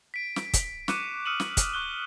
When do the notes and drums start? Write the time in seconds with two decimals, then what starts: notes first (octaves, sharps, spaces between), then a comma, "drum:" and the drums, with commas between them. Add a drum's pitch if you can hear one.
0.14 B6 D7
0.36 drum: snare
0.53 drum: kick, hi-hat
0.88 C#6 D6 F#6 C#7 D#7 E7, drum: snare
1.25 D#6 F6 C#7 D#7 E7 F#7
1.40 drum: snare
1.57 drum: kick, hi-hat
1.74 C#6 F#6 G7